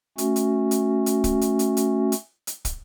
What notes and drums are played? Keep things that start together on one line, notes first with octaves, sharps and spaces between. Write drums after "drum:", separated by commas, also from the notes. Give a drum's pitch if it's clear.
A3 C#4 F#4, drum: hi-hat
drum: hi-hat
drum: hi-hat
drum: hi-hat
drum: kick, hi-hat
drum: hi-hat
drum: hi-hat
drum: hi-hat
drum: hi-hat
drum: hi-hat
drum: kick, hi-hat